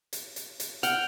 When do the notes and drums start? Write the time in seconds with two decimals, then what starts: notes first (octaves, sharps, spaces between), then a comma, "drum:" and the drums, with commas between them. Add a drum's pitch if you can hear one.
0.13 drum: hi-hat
0.36 drum: hi-hat
0.60 drum: hi-hat
0.83 F#5 G5 F6, drum: hi-hat